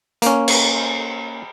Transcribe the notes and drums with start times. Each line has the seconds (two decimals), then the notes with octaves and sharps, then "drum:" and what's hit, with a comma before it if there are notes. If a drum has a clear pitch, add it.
0.22 A#3 C#4, drum: hi-hat
0.48 drum: cymbal